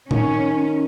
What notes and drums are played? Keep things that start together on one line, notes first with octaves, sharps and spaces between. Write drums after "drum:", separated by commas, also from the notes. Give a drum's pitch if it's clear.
D#3 C#4, drum: tom A2